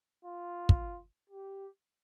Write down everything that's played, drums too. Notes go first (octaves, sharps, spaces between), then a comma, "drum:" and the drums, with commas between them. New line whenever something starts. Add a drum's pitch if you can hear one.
F4
drum: kick
G4